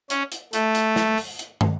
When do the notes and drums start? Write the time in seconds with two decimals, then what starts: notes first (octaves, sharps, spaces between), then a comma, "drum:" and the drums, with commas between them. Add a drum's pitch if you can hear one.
0.10 C#4, drum: hi-hat
0.32 drum: hi-hat
0.53 A3, drum: hi-hat
0.75 drum: hi-hat
0.96 drum: snare
1.18 drum: open hi-hat
1.39 drum: hi-hat
1.61 drum: tom